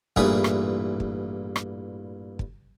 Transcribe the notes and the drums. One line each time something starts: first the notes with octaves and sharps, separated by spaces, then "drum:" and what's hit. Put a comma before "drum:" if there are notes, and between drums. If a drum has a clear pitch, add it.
A1 G2 A#2 E3 G#4 B4, drum: kick
drum: rim click
drum: kick
drum: rim click
drum: kick